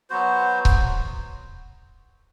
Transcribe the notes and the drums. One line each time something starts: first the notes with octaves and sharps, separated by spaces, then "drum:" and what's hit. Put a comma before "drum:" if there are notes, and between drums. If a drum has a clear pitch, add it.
F#3 B3 F#4 C5
drum: kick C#1